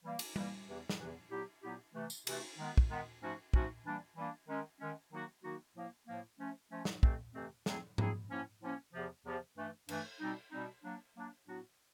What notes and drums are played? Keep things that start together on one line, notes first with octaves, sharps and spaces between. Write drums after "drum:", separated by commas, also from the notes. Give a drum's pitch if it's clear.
E3 G3 A#3
drum: cymbal
E3 G3 A#3, drum: tom G3
E2 C3 E3
drum: snare
E2 C3 E3
A#2 F#3 B3 E4 G4
A#2 F#3 B3 E4 G4
C3 E3 A3
drum: tambourine
C3 E3 A3, drum: cymbal
D#3 G#3 B3
drum: kick
D#3 G#3 B3
G#2 F3 A3 C#4 F#4
G#2 F3 A3 C#4 F#4, drum: kick
E3 G3 A#3 D4
E3 G3 A#3 D4
D#3 G#3 C#4
D#3 G#3 C#4
D#3 F#3 A#3 D#4 F#4
D#3 F#3 A#3 D#4 F#4
A2 F3 A#3
A2 F3 A#3
F3 A3 C#4
F3 A3 C#4
drum: snare
F2 C3 E3 A3 C4, drum: kick
F2 C3 E3 A3 C4
F#3 A3 C4 E4 G#4, drum: snare
F#3 A3 C4 E4 G#4, drum: tom G#2
A2 F3 A#3 C#4
A2 F3 A#3 C#4
E2 C3 F3
E2 C3 F3
G2 E3 A3
G2 E3 A3, drum: cymbal
B2 G3 C4 D#4
B2 G3 C4 D#4
F#3 A#3 D4
F#3 A#3 D4
A2 F#3 B3 D4 F#4